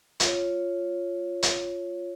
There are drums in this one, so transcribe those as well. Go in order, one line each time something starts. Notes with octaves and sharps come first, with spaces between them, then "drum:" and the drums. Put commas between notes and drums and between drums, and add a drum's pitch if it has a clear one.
F4 C#5, drum: hi-hat
drum: hi-hat